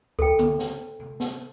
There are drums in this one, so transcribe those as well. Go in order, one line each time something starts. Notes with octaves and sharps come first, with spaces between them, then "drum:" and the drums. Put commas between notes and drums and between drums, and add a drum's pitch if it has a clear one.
A4 G5, drum: kick C#2
drum: tom C#3
drum: snare
drum: tom C3
drum: snare